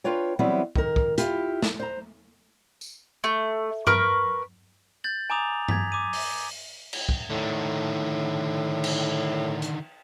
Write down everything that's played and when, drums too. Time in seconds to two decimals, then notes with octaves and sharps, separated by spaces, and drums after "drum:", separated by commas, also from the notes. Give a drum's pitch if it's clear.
0.04 D4 F4 B4 C#5 G5
0.39 E3 F#3 G3 B3 C4 E4
0.76 D#3 A#4, drum: kick
0.96 drum: kick
1.18 E4 F4 G4, drum: hi-hat
1.62 drum: snare
1.80 C5 A#5
2.81 drum: tambourine
3.24 A3
3.87 A#4 B4 C#6, drum: tom G2
5.04 G6 A6 F#7
5.30 G#5 A#5 D6 D#6 F7
5.69 G#6 B6, drum: tom G2
5.92 D6 D#6 D#7
6.13 D#7, drum: open hi-hat
6.93 drum: cymbal
7.09 drum: kick
7.30 A2 D3 D#3
8.84 drum: cymbal
9.62 drum: hi-hat